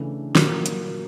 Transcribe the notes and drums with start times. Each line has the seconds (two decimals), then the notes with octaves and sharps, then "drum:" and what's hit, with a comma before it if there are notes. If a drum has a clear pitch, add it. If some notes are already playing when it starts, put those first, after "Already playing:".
Already playing: C#3 E3 A3 D4
0.35 A#2 F#3 A#3, drum: snare
0.66 drum: hi-hat